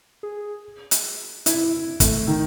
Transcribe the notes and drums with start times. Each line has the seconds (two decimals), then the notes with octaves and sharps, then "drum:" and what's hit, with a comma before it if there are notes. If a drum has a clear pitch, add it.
0.23 G#4
0.91 drum: hi-hat
1.46 E4, drum: hi-hat
2.00 A3, drum: kick, hi-hat
2.27 D#3 D#4